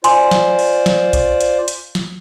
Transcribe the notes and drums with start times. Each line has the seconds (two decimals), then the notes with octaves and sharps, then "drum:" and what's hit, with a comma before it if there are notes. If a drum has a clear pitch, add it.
0.04 F4 C5 D5 G#5 C6, drum: hi-hat
0.31 drum: snare
0.59 drum: open hi-hat
0.86 drum: snare
1.13 drum: kick A#1, hi-hat
1.41 drum: hi-hat
1.68 drum: hi-hat
1.95 drum: snare